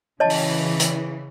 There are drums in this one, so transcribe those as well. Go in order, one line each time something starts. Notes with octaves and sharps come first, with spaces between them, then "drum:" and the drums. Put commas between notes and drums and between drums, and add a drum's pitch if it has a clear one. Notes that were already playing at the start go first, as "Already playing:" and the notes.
C#3 E3 C#5 D#5 A5
drum: open hi-hat
drum: hi-hat